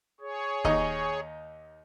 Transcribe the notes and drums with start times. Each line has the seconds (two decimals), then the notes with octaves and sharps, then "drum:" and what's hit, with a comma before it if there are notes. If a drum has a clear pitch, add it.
0.21 G#4 C#5
0.64 D#2 D#4 D#5, drum: kick